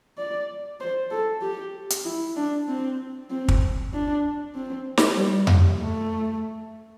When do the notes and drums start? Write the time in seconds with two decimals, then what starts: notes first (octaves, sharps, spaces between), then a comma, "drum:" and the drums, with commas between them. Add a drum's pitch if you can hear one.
0.18 D5
0.80 C5
1.11 A4
1.42 G4
1.90 drum: hi-hat
2.05 E4
2.36 D4
2.68 C4
3.30 C4
3.48 drum: kick
3.93 D4
4.55 C4
4.97 drum: snare
5.17 G3
5.47 drum: tom F2
5.80 A3